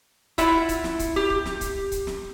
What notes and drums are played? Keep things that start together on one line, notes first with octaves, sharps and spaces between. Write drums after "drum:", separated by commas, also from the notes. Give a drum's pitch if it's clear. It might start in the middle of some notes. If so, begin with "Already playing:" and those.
E4 F4 E5 F#5, drum: kick C#1, hi-hat
drum: kick C#1, hi-hat
drum: snare
drum: kick C#1, hi-hat
G4
drum: kick C#1
drum: snare
drum: kick C#1, hi-hat
drum: kick C#1, hi-hat
drum: snare